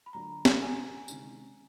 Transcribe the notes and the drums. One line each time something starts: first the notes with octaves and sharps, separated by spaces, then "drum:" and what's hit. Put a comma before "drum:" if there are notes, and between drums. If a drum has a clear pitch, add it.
B5
D3 F#3 A#3 D4 F4 A#5
drum: snare
G#5
C3 D#3 G#3 C#4 E4, drum: tambourine